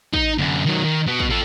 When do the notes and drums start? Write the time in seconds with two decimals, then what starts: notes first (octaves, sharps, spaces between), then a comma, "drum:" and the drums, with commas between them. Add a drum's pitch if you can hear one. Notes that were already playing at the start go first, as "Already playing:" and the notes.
0.13 D#4, drum: kick
0.39 F#2 D3
0.66 D#3 F#3
0.84 D#3
1.07 B2
1.20 drum: kick
1.30 F4 A4